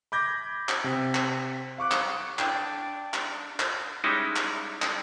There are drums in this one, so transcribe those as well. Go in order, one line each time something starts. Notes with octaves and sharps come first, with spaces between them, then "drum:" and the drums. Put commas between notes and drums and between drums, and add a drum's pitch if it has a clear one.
B5 D6 G6 G#6 A#6
drum: clap
C3
drum: clap
F5 C#6 D6 F#6
drum: clap
D4 G5, drum: clap
drum: clap
drum: clap
G3 G#3 C#4 D#4 E4
drum: clap
drum: clap